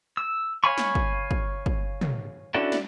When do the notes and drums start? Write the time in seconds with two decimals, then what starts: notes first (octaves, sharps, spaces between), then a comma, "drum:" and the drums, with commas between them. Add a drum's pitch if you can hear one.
0.17 E6
0.64 C#5 F5 G#5 B5 C#6
0.78 drum: snare
0.95 drum: kick
1.31 drum: kick
1.66 drum: kick
2.01 drum: tom
2.54 C#4 D4 E4 F#4 A4
2.72 drum: snare